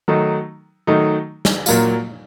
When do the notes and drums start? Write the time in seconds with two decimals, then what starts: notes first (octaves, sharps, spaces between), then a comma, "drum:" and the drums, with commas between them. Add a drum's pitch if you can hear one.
0.08 D#3 F#3 A3 D#4
0.87 D#3 F#3 A3 D#4
1.45 drum: snare
1.66 A#2 F#3 A#3 F4, drum: tambourine